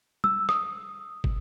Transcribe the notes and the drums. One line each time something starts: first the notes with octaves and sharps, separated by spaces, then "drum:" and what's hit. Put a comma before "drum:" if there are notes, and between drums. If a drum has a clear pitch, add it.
E6, drum: tom G3
D#6, drum: rim click
drum: kick